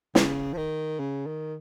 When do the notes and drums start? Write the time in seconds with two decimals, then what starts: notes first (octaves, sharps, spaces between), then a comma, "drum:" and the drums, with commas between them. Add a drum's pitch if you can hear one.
0.15 C#3, drum: snare
0.53 F3
0.57 D#3
1.00 C#3
1.26 D#3